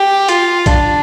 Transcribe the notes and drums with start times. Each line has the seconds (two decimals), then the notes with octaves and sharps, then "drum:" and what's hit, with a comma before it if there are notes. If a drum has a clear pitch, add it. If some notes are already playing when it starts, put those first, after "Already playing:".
Already playing: G4
0.29 F4, drum: hi-hat
0.66 D4, drum: kick, hi-hat